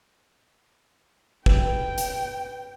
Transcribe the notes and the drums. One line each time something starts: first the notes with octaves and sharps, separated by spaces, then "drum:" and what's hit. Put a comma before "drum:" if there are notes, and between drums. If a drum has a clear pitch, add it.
B4 G5, drum: kick
drum: hi-hat